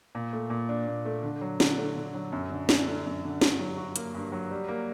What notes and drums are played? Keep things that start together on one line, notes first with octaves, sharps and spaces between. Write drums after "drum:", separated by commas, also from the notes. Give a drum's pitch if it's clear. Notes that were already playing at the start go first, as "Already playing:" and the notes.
A#2
A3
A#2
D4
A#2
A3
D3
F#3
D3, drum: snare
A3
D3
F#3
F#2
D3
D4, drum: snare
A3
F#2
D3
G2, drum: snare
F#3
F#4
A#3, drum: hi-hat
G2
F#3
G3
A#3